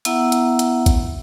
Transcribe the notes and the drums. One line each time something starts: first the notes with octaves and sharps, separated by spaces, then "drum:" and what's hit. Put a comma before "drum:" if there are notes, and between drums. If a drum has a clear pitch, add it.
B3 E4 E5 F#5 A#5 E6, drum: hi-hat
drum: hi-hat
drum: hi-hat
drum: kick, hi-hat